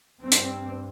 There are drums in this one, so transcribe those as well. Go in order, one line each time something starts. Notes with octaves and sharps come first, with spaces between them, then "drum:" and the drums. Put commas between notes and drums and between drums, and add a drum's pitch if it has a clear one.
G2 C4
drum: hi-hat